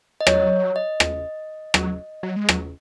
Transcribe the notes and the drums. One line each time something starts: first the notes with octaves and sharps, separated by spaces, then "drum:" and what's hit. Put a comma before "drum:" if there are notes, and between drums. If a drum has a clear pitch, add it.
D#5
F#3 C#5, drum: rim click
D#5
drum: rim click
F#3, drum: rim click
F#3
G#3
F#3, drum: rim click